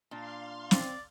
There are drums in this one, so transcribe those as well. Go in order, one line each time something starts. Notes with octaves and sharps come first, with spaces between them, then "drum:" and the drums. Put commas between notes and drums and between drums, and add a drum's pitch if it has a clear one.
A#2 D4 F5 C6
C4 D5, drum: snare